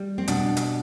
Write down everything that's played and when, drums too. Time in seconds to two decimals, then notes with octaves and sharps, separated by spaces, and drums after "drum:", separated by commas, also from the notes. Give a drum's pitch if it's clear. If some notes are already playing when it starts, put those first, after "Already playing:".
Already playing: G3
0.18 C4
0.28 B2 D4, drum: hi-hat
0.57 drum: hi-hat